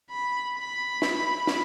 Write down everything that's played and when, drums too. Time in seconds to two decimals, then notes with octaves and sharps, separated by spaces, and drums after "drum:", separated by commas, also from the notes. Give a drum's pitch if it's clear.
0.10 B5
0.57 B5
1.02 drum: snare
1.47 drum: snare